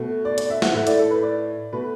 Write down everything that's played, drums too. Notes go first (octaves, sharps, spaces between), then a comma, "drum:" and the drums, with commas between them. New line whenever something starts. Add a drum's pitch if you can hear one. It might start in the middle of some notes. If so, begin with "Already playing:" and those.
Already playing: B2 A3
D5
D5, drum: hi-hat
E5
F#5, drum: snare
A2 A3 E5
D5, drum: hi-hat
A4
B4
D5
B2 A3 B4